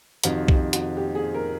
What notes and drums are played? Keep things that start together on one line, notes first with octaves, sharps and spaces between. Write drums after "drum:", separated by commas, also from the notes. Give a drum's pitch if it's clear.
F2 C3 D#3 F#4, drum: hi-hat
G4, drum: kick B1
F#4, drum: hi-hat
G4
G#4
A#4